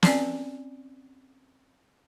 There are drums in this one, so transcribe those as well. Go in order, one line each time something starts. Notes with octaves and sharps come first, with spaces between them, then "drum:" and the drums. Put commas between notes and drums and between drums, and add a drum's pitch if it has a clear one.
C4 C#4 D5 G#5, drum: snare